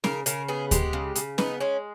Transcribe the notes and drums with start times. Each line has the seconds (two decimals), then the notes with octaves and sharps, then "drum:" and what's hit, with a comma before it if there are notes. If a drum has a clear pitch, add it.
0.04 C#3 A#4, drum: snare C#4
0.26 C#3 A#4, drum: hi-hat
0.48 B3 G#4
0.71 G#3 G4, drum: kick D2, hi-hat
0.93 C#3
1.16 C#3, drum: hi-hat
1.38 B3 D#4, drum: snare C#4
1.60 G#3 C#4